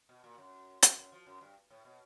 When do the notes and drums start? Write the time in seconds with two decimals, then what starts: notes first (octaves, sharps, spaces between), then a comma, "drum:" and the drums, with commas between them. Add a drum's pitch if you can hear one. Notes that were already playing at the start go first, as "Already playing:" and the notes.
0.09 B2
0.24 A#2
0.38 F#2
0.82 G2, drum: hi-hat
0.96 F#2
1.12 F3
1.27 F#2
1.41 G2
1.70 A2
1.85 B2